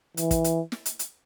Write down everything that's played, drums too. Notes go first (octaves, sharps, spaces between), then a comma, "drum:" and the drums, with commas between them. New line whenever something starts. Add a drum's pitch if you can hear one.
E3, drum: hi-hat
drum: kick, hi-hat
drum: hi-hat
drum: snare
drum: hi-hat
drum: hi-hat